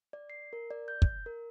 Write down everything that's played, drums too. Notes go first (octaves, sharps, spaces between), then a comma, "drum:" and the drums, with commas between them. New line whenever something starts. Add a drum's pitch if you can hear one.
D5
C7
A#4
D5
G6
drum: kick
A#4